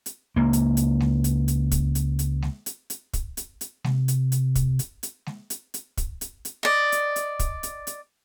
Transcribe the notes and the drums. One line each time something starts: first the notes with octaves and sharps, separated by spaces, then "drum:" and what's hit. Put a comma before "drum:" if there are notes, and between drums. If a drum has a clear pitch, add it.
drum: hi-hat
C#2 A#3
drum: hi-hat
drum: hi-hat
drum: snare G#3
drum: hi-hat
drum: hi-hat
drum: kick, hi-hat
drum: hi-hat
drum: hi-hat
drum: snare G#3
drum: hi-hat
drum: hi-hat
drum: kick, hi-hat
drum: hi-hat
drum: hi-hat
C3, drum: snare G#3
drum: hi-hat
drum: hi-hat
drum: kick, hi-hat
drum: hi-hat
drum: hi-hat
drum: snare G#3
drum: hi-hat
drum: hi-hat
drum: kick, hi-hat
drum: hi-hat
drum: hi-hat
D5 D#5
drum: hi-hat
drum: hi-hat
drum: kick, hi-hat
drum: hi-hat
drum: hi-hat